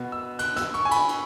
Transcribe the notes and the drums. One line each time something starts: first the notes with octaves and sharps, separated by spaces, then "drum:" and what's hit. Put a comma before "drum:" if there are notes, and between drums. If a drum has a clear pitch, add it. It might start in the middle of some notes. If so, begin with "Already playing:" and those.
Already playing: B2 B3
E6
F#6, drum: cymbal
E6, drum: snare
C#6, drum: cymbal
G#5
B5, drum: cymbal
drum: cymbal